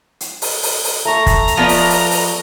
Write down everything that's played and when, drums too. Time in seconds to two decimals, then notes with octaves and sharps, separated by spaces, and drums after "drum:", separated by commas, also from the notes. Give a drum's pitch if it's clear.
0.20 drum: hi-hat
0.42 drum: open hi-hat
0.63 drum: open hi-hat
0.84 drum: open hi-hat
1.05 A3 A#5 C#6
1.26 drum: kick, hi-hat
1.48 drum: hi-hat
1.57 F3 B3 D5 A5
1.69 drum: open hi-hat
1.90 drum: open hi-hat
2.11 drum: open hi-hat